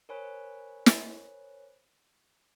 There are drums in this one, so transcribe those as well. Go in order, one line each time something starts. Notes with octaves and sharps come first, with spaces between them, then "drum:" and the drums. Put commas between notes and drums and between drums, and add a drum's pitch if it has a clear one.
A#4 C5 C#5 G#5 B5 F#6
drum: snare